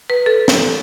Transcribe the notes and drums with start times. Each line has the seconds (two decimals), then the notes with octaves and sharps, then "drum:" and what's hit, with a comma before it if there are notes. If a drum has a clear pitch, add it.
0.10 B4
0.26 A4
0.48 drum: snare